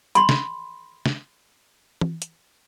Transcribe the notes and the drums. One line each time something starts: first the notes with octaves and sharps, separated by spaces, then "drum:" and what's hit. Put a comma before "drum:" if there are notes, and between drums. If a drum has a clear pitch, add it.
B5 C6, drum: hi-hat
drum: snare
drum: snare
drum: tom E3
drum: hi-hat